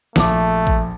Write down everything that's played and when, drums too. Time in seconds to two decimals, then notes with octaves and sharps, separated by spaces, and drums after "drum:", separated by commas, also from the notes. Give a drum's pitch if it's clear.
0.16 A#1 A3 D6, drum: snare
0.67 drum: kick